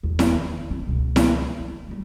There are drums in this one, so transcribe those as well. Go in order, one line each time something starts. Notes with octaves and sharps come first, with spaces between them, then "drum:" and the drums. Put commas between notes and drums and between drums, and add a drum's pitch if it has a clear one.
E2
drum: snare E4
D#3
C4
C#2 B2
drum: snare E4
D#3
G3 A3